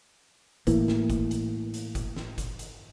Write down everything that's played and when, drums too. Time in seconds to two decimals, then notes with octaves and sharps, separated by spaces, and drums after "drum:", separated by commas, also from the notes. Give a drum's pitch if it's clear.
0.67 A2 E3 A#3, drum: kick F#1, hi-hat
0.88 drum: snare
1.10 drum: kick F#1, hi-hat
1.31 drum: hi-hat
1.74 drum: hi-hat
1.95 drum: kick F#1, hi-hat
2.16 drum: snare
2.38 drum: kick F#1, hi-hat
2.59 drum: hi-hat